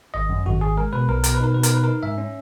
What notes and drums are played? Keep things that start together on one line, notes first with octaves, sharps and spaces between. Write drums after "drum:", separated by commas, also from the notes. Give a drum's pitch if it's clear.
G#1 D#5
F#2
G#1 F#4
G#1 G#4
G#3 A#4
B2 B4
B1 A#4
B2 A#4, drum: hi-hat
B4
D#4 A#4
B2 B4
A#4, drum: hi-hat
D#4 B4
D#4 A#4
G#2 E5
C#4